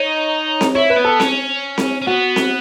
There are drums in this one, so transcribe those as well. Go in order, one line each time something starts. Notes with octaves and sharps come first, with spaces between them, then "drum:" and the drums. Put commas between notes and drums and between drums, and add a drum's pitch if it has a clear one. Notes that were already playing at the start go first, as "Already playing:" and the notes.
Already playing: D#4 C#5
drum: snare C4
E4 C#5
B4
B3
A4
C#4, drum: snare C4
drum: snare C4
C#4
B3 F#4
drum: snare C4